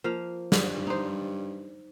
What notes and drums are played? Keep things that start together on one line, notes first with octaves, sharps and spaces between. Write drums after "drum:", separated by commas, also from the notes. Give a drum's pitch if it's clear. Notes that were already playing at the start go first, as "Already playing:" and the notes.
F3 A#3 F5
G2, drum: snare
D#4 C5